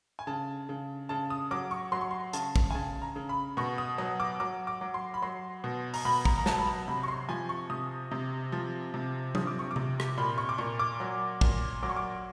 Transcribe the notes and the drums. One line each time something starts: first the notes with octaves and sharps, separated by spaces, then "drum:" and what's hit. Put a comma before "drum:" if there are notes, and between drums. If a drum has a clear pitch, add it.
G#5
C#3 A5
C#3
C#3 A5
D#6
F#3 D6
C#6
F#3 C6
C#6
C6
C#3 A5, drum: hi-hat
drum: kick
G#5
C#3 A5
A#5
C#3
B5
B2 C#6
D#6
F#3 D#6
D6
F#3 D6
D6
F#3
C6
B5
F#3 C6
B2
A#5, drum: open hi-hat
B2 B5
A#5, drum: kick
A#5
F#3 A5, drum: snare
B5
A#5
C3 B5
C#6
C6
F3 G#5
C#6
C3 D#6
C3
F3
C3
F3 D#6, drum: tom F#3
D6
C#6
D6
C3, drum: tom C3
drum: rim click
A#2 B5
C#6
D6
A#2 C#6
D6
F#3
A#2, drum: kick
F#3 D6
C#6
D6